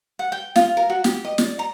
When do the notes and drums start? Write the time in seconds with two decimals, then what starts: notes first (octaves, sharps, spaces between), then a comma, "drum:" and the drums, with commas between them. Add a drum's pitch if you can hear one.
0.19 F#5
0.32 G5
0.56 F4, drum: snare
0.77 A#4
0.90 F#4
1.04 G4, drum: snare
1.25 D#5
1.38 D5, drum: snare
1.59 A#5